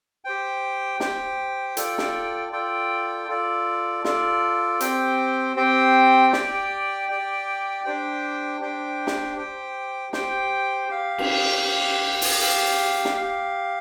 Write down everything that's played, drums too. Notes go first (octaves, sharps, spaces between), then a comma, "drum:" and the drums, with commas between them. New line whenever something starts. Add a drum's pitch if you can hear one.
G4 C5 G5
G4 C5 G5, drum: snare
F4 A4 D5 G5, drum: hi-hat
drum: snare
F4 A4 D5 G5
F4 A4 D5
F4 A4 D5, drum: snare
C4 G4 C5 G5, drum: hi-hat
C4 G4 C5 G5
G4 D5 G5, drum: snare
G4 D5 G5
D4 G4 C5 G5
D4 G4 C5 G5
drum: snare
G4 C5 G5
G4 C5 G5, drum: snare
G4 F5
drum: cymbal
G4 F5
drum: open hi-hat
G4 F5
drum: snare
G4 F5